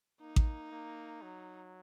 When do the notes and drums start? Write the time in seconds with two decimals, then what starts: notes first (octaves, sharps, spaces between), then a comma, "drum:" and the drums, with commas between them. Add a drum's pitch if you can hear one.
0.21 A#3 D#4
0.36 drum: kick A1
0.71 A#3
1.22 F#3